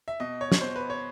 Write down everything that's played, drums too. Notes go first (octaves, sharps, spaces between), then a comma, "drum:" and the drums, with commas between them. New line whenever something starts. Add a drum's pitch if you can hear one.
E5
B2 D#5
C#5
drum: snare
B2 C5
B4
C#5